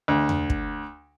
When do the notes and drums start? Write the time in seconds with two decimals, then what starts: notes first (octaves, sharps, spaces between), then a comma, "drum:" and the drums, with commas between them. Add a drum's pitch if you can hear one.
0.08 D2
0.29 drum: tom E2
0.50 drum: kick